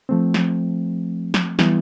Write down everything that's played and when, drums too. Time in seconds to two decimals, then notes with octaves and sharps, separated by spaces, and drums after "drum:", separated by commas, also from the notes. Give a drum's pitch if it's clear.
0.09 F3 A3 C4
0.34 drum: snare
1.34 drum: snare
1.59 E3 G3 B3 E4, drum: snare